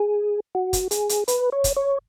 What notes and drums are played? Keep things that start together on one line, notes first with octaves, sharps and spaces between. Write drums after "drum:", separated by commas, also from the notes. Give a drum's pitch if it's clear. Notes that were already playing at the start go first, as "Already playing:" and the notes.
Already playing: G#4
F#4
drum: kick, hi-hat
G#4, drum: hi-hat
drum: hi-hat
B4, drum: hi-hat
C#5
drum: kick, hi-hat
C#5